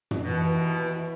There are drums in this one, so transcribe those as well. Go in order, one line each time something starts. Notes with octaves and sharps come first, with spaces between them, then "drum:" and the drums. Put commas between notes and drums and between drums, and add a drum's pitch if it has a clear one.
drum: tom
D#2 B2 E3